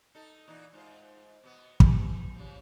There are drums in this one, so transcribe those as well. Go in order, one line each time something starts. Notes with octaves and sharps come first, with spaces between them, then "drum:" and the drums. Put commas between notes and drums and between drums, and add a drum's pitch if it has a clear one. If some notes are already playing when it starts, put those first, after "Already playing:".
D#4 A4
A#2 E3 D#4
G#2 F4 C5
B2 B3
E3 G4, drum: kick
C#3 F3